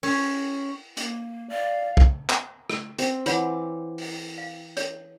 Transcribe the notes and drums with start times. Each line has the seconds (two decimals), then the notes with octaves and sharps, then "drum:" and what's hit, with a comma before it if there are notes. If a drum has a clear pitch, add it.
0.03 C#4, drum: open hi-hat
0.97 A#3, drum: hi-hat
1.49 D5 F5
1.97 drum: kick
2.30 drum: clap
2.70 drum: rim click
2.98 C4, drum: hi-hat
3.26 E3 F4 C#5 F#5 D6, drum: hi-hat
3.98 drum: open hi-hat
4.38 F5
4.77 C#5, drum: hi-hat